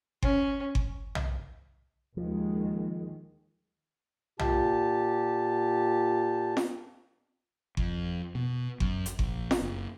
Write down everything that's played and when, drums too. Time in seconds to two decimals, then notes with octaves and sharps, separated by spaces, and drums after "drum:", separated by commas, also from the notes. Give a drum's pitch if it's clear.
0.22 C#4, drum: kick G1
0.75 drum: kick G1
1.15 drum: tom B1
2.17 D#2 D#3 F3 G#3
4.39 A#2 G4 A5, drum: tom B1
6.57 drum: snare F4
7.77 F2, drum: kick G1
8.35 B2
8.80 F#2, drum: kick G1
9.06 drum: hi-hat
9.19 A#1, drum: kick G1
9.51 drum: snare F4
9.62 F#1